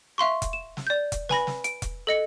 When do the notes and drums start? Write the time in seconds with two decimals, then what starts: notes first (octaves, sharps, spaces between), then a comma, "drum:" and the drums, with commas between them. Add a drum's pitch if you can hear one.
0.18 E5 F5 C6 C#6
0.42 drum: kick E1, hi-hat
0.53 E7
0.77 drum: snare
0.87 D5 G6
1.12 drum: kick E1, hi-hat
1.29 B4 G#5 B5 A#6, drum: snare
1.47 drum: snare
1.64 D7, drum: hi-hat
1.82 drum: kick E1, hi-hat
2.07 A4 D#5 C#7